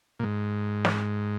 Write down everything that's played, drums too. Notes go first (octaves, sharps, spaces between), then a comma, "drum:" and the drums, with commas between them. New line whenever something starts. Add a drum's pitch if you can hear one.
A#2
G#2
drum: snare